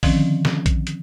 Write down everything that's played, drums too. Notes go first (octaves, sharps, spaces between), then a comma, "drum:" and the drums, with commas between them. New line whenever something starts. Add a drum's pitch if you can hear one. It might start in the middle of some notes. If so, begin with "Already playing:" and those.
D3 D#3 F3 C4 C#4, drum: kick A#1, open hi-hat
drum: snare
drum: kick A#1, hi-hat
drum: hi-hat